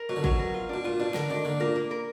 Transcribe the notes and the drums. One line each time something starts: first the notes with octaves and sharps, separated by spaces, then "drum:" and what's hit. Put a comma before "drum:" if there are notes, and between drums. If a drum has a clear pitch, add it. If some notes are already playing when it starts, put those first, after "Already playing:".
Already playing: A#4
B2 F#3
D3
B2 F#3, drum: kick
A#4
F4
B2 D4
A#2 F4
B2 D4
D3 A#4, drum: snare
D#3 D4
D3 A#3
A#2 A#4
A#3
A#4